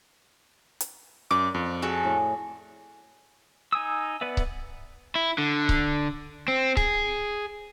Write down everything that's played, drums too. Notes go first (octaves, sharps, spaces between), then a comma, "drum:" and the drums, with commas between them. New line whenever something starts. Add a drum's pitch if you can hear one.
drum: hi-hat
F#2 D5 D6
F2
F#4 G#4 A4
A2
D#4 G#5 D#6 E6
B3 B4 D5 E5
drum: kick C#1
E4
D3
drum: kick C#1
C4
G#4, drum: kick C#1